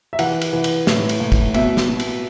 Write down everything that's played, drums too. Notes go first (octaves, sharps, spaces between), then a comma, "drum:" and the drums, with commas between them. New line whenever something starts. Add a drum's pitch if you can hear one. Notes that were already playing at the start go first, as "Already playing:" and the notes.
E5
E3 F#5, drum: cymbal
drum: cymbal
E3
drum: cymbal
A2, drum: snare
drum: cymbal
A2
drum: kick, cymbal
B2 E5, drum: cymbal
drum: snare
B2
drum: cymbal